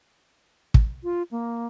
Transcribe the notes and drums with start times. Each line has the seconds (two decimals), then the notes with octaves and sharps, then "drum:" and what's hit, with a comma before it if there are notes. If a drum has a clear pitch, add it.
0.74 drum: kick
1.04 F4
1.31 A#3